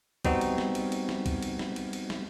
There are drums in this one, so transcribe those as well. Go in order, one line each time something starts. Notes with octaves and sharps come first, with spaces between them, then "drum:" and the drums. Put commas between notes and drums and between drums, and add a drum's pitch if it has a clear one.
G3 B3 C4 D#4 F#4, drum: kick C2, cymbal
drum: cymbal
drum: snare
drum: cymbal
drum: cymbal
drum: snare
drum: kick C2, cymbal
drum: cymbal
drum: snare
drum: cymbal
drum: cymbal
drum: snare